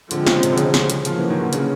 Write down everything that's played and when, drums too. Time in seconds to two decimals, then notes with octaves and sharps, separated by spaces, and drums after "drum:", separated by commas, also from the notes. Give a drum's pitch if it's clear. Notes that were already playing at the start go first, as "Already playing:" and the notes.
0.11 D3 F3 G#3 C4, drum: hi-hat
0.27 C#3, drum: snare
0.43 C3, drum: hi-hat
0.52 D3
0.58 C#3, drum: hi-hat
0.74 drum: snare
0.90 drum: hi-hat
1.05 F3 F#3 A#3 C#4, drum: hi-hat
1.18 E3
1.30 D#3
1.41 D3
1.53 C#3, drum: hi-hat